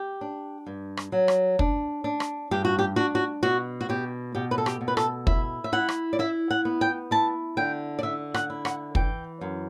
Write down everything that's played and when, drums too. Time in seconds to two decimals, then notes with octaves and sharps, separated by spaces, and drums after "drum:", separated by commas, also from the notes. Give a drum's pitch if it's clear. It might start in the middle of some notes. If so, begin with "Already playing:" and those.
Already playing: G4
0.21 D4
0.66 G2
0.97 drum: rim click
1.12 F#3
1.28 drum: rim click
1.59 D4, drum: kick
2.04 D4
2.20 drum: rim click
2.51 G2 G4
2.65 F#4
2.79 G4
2.96 D4 F#4
3.15 F#4
3.43 B2 F#4
3.81 F#4
3.89 B2 G4
4.35 B2 G4
4.51 B4
4.58 A4
4.66 G4, drum: rim click
4.81 B2
4.88 B4
4.97 A4, drum: rim click
5.27 E4 E5, drum: kick
5.64 E5
5.73 E4 F#5
5.89 drum: rim click
6.13 D5
6.19 E4 E5
6.51 F#5
6.65 B3
6.81 G5
7.11 E4 A5
7.57 D3 G5
7.99 D5
8.03 D3 E5
8.34 F#5, drum: rim click
8.50 E4
8.65 F#5, drum: rim click
8.95 E3 G5, drum: kick
9.41 F#2